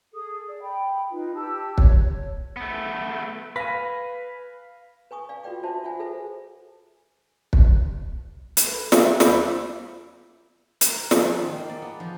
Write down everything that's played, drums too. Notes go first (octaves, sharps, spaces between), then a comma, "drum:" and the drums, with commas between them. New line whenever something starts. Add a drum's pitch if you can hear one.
G#4 A4 D#6
D5
G5 B5
D#4 F4 B4
G4 A5 E6
C#5, drum: kick
A3 B3
B4 F5 G#5 A#6 B6
B4 G#5 C#6 D#6
D5 F5 G#5
F4 F#4 B4 D5 G5 D6
D4 F#4 C5 E5 A5
F4 E5 F#5 G#5
G#4 A4 B4 C5 E5
drum: kick
drum: hi-hat
A4 B4
G4 A#4 E5 F5, drum: snare
D#2 E5 B5 D6 G6, drum: snare
E6
A#4, drum: hi-hat
A#5
F3, drum: snare
G#4
D#3
A#3
D5
B3
F3